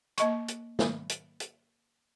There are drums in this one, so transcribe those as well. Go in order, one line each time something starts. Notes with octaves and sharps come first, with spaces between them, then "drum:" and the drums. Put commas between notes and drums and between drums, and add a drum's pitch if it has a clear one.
A#3 D#5 C#6, drum: hi-hat
drum: hi-hat
drum: snare
drum: hi-hat
drum: hi-hat